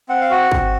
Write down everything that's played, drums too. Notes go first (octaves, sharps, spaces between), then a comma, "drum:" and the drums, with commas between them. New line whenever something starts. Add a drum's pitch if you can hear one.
C4 F#5
F5
F#4 F#5
C4, drum: kick